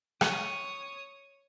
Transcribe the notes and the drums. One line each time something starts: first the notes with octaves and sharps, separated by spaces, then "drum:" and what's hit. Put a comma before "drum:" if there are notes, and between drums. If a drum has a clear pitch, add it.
C#5 D#6, drum: rim click